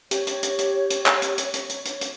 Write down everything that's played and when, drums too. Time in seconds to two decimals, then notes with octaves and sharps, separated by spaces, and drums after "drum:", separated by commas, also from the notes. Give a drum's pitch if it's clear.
0.11 G4 C#5, drum: hi-hat
0.27 drum: hi-hat
0.43 drum: hi-hat
0.59 drum: hi-hat
0.90 drum: hi-hat
1.06 drum: clap
1.22 drum: hi-hat
1.38 drum: hi-hat
1.54 drum: hi-hat
1.69 drum: hi-hat
1.85 drum: hi-hat
2.01 drum: hi-hat